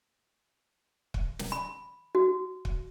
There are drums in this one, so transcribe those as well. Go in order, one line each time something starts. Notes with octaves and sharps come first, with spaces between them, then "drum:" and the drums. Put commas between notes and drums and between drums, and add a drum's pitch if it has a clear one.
drum: kick
drum: snare
B5
F#4
drum: kick